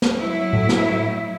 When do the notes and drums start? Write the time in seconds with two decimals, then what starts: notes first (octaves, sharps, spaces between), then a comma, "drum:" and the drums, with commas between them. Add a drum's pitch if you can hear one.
0.02 drum: snare
0.21 F#3 E4
0.53 A2
0.69 drum: snare